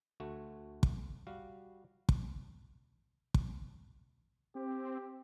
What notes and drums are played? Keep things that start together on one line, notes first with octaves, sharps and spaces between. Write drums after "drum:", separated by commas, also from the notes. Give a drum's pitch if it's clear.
D2 A3 F#4
drum: kick
G3 F#4 F5
drum: kick
drum: kick
C4 G4